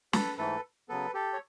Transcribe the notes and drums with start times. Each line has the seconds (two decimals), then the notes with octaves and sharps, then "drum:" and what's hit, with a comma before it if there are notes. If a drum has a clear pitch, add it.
0.13 A4 B4, drum: snare
0.38 G#2 E3 A3 A4 B4
0.89 C#3 F#3 B3 A4 B4
1.14 G4 A4
1.33 C#5